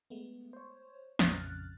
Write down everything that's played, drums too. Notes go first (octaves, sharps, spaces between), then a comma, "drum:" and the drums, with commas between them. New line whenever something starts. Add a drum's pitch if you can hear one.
G#3 A3 B3
C5 C#5
A#1 F2 C#3 F6 F#6 A6, drum: snare